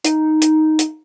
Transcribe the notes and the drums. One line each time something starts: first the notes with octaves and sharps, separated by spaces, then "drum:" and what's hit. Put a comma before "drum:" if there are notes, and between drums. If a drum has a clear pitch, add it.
D#4, drum: hi-hat
drum: hi-hat
drum: hi-hat